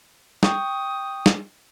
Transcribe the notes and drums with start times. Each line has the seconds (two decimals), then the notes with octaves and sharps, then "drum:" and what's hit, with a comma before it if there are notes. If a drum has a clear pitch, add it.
0.43 G5 C#6 D#6 G6, drum: snare
1.26 drum: snare